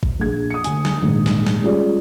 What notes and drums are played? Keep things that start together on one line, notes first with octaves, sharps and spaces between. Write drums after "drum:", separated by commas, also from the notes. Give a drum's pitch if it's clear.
drum: kick
A#1 D4 G#4 G#6
D#6 C#7
D2 G#5, drum: hi-hat
drum: snare
D#1 A#1 G#2 D#3
drum: snare
drum: snare
G3 G#3 C#4 F4 G#4 D5